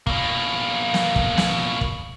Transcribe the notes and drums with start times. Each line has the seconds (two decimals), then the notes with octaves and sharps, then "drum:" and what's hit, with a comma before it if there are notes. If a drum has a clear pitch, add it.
0.07 B2 A#3, drum: kick
0.94 drum: snare
1.16 drum: kick
1.38 drum: snare
1.81 drum: kick